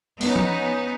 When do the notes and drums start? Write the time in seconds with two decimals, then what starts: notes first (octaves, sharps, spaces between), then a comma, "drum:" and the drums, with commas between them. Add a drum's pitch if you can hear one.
0.21 B3 C#4 D#4, drum: open hi-hat
0.36 drum: tom F3